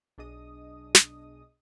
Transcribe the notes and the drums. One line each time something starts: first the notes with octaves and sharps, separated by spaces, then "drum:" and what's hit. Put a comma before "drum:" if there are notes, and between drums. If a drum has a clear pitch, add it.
B1 D4 G#4 D#5 D#6
drum: snare